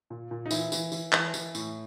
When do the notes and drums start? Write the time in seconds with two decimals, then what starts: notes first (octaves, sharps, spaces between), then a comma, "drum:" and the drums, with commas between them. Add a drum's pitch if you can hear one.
0.10 A#2
0.31 A#2
0.46 D#4
0.51 E3 E4, drum: tambourine
0.72 E3, drum: tambourine
0.92 E3, drum: tambourine
1.12 E3, drum: clap
1.34 E3, drum: tambourine
1.55 A2, drum: tambourine